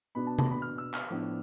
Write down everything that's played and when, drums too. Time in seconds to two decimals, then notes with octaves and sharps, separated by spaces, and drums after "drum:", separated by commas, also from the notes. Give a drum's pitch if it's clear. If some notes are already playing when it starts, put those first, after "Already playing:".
0.15 B2 B3 D4 B5
0.27 A5
0.39 A5, drum: tom C3
0.51 B5
0.62 F6
0.78 E6
0.94 F6, drum: clap
1.10 A2 F3 B3 D4